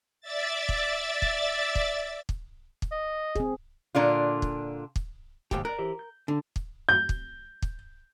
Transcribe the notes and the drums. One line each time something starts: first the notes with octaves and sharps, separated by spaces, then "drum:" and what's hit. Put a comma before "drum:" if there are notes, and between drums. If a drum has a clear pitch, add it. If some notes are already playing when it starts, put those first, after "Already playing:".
D5 E5 A6
drum: kick
drum: kick
drum: kick
drum: kick
drum: kick
D#5
C4 G#4, drum: kick
A#2 D3 D4 F4
drum: kick
drum: kick
D#2 G#2 G4, drum: kick
A#4 D5 F#6
E3 G4 C5
G6
D3 D4
drum: kick
G6
drum: kick
drum: kick